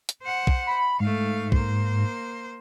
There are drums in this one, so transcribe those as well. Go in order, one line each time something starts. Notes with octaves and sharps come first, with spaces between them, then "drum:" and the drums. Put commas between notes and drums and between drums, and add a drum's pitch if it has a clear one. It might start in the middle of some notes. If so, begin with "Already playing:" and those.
drum: hi-hat
C5 F#5
drum: kick
B5
G#2 A3 F5
A#3 C5, drum: kick